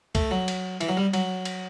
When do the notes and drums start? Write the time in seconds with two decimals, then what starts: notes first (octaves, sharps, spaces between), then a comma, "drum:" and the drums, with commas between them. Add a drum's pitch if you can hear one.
0.15 A3, drum: kick, cymbal
0.31 F#3
0.48 drum: cymbal
0.81 E3, drum: cymbal
0.89 F#3
0.97 G3
1.14 F#3, drum: cymbal
1.45 drum: cymbal